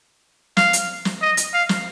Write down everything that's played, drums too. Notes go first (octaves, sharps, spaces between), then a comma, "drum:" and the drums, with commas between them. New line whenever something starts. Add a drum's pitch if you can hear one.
F5, drum: snare
drum: hi-hat
drum: snare
D#5
drum: hi-hat
F5
drum: snare